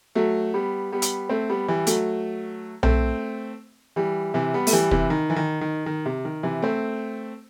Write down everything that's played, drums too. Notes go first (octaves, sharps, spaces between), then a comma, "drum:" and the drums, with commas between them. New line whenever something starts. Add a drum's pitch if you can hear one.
F#3 A3
G3 B3
G3 B3
drum: hi-hat
A3 C4
G3 B3
E3 G3
F#3 A3, drum: hi-hat
A3 C4, drum: tom B1
E3 G3
C3 E3
G3 B3
A3, drum: open hi-hat
E3 G3
C3 E3, drum: kick
D#3
E3
D#3
D#3
D#3
C3
D#3
C3 E3
A3 C4